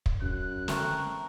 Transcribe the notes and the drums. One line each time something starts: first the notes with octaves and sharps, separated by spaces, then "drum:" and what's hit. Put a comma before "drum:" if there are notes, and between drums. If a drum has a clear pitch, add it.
drum: kick
F#2 F#6
A3 C4 A#4 C#6, drum: snare